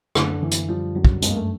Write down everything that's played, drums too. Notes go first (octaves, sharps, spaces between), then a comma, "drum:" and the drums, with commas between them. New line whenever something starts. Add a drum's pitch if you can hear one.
F#2 D3, drum: rim click
D3 E3
drum: hi-hat
F3 G3
F#2 F#3
drum: kick
G2 G#3, drum: hi-hat
A#3
A3